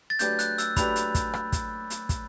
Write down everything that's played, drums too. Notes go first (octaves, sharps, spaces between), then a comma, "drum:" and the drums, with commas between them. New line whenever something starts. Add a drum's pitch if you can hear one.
A6
F#3 A3 D4 G4 B4 G6, drum: hi-hat
F#6, drum: hi-hat
E6, drum: hi-hat
F#3 A3 D4 G4 B4 B5, drum: kick, hi-hat
drum: hi-hat
drum: kick, hi-hat
drum: rim click
drum: kick, hi-hat
drum: hi-hat
drum: kick, hi-hat